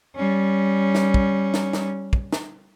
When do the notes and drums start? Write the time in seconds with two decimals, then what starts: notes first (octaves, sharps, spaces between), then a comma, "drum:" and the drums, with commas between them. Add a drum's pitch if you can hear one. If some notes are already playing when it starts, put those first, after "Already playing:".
0.16 G3 C#4
0.95 drum: snare
1.14 drum: kick
1.54 drum: snare
1.73 drum: snare
2.13 drum: kick
2.32 drum: snare